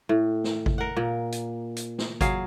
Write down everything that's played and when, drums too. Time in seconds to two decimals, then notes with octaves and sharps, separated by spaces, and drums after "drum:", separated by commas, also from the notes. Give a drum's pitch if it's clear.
0.09 A2
0.44 drum: snare
0.66 drum: kick G#1
0.78 A#4 F#5
0.97 A#2
1.32 drum: hi-hat
1.76 drum: hi-hat
1.99 drum: snare
2.21 F#3 G#4 F5, drum: kick G#1, hi-hat